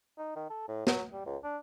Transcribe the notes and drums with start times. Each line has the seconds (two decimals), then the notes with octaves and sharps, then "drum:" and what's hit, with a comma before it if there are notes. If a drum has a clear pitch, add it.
0.18 D#4
0.36 D#3
0.50 A4
0.69 A2
0.87 F#3, drum: snare
1.12 G3
1.26 C#2
1.44 D4